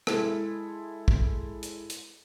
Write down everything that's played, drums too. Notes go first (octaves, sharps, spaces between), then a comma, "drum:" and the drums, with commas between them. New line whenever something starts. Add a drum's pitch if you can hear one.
G#3 E4 A4, drum: rim click
drum: kick
drum: hi-hat
drum: hi-hat